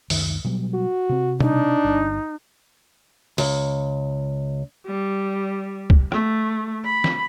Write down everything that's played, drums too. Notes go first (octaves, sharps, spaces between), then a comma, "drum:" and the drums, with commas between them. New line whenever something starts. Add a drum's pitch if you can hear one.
C#2 F#2 D#3, drum: open hi-hat
B2 F#3 G3
F#4
C3 C4
D4 D#4, drum: tom
G1
C#2, drum: open hi-hat
G3
drum: kick
A3, drum: rim click
B5
drum: snare